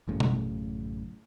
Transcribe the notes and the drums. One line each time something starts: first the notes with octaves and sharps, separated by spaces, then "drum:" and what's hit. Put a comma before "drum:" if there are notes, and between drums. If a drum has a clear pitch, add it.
A1 F#2 A2 C#3
drum: tom B2